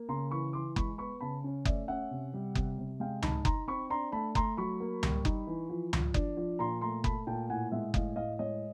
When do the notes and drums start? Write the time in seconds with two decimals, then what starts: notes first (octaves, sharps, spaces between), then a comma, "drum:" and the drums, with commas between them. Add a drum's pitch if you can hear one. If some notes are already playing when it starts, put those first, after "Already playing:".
Already playing: A#3
0.09 C#3 A#5 C6
0.31 E3 B5 C#6
0.53 E3 C6 D6
0.76 G#3 B5 C#6, drum: kick F#1
0.98 B3 B5 C#6
1.21 C#3 A5 B5
1.44 C#4
1.65 A3 D5 E5, drum: kick F#1
1.88 C#4 E5 F#5
2.11 C3
2.34 G3
2.55 C3, drum: kick F#1
2.79 C3
3.00 G#3 F5 G5
3.22 D#4 A5 B5, drum: tom C#2
3.45 D#4 A#5 C6, drum: kick F#1
3.68 C4 B5 C#6
3.90 D4 A#5 C6
4.12 A3 A5 B5
4.35 A3 A#5 C6, drum: kick F#1
4.57 F#3 B5 C#6
4.80 A#3
5.03 G3, drum: tom C#2
5.25 D#4, drum: kick F#1
5.47 E3
5.69 F3
5.93 F3, drum: tom C#2
6.14 D4, drum: kick F#1
6.37 F3
6.59 A#2 A#5 C6
6.81 A3 A#5 C6
7.04 A3 A5 B5, drum: kick F#1
7.27 A#2 G5 A5
7.49 A2 F#5 G#5
7.72 G#3 E5 F#5
7.94 A2 D#5 F5, drum: kick F#1
8.16 A2 D#5 F5
8.39 G#3 C#5 D#5